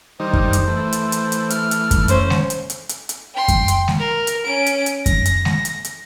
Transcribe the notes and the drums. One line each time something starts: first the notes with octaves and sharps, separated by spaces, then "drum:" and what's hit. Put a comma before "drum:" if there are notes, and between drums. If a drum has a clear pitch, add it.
D#3 G3 D#4 C5
drum: kick F#2
drum: hi-hat
E3 A3
drum: hi-hat
drum: hi-hat
drum: hi-hat
F6, drum: hi-hat
drum: hi-hat
drum: kick F#2, hi-hat
C#4 C5, drum: hi-hat
drum: snare G#3
drum: hi-hat
drum: hi-hat
drum: hi-hat
drum: hi-hat
G5 C6
drum: kick F#2, hi-hat
drum: hi-hat
drum: snare G#3
A#4
drum: hi-hat
C#4 D7
drum: hi-hat
drum: hi-hat
A#6, drum: kick F#2, hi-hat
drum: hi-hat
drum: snare G#3
drum: hi-hat
drum: hi-hat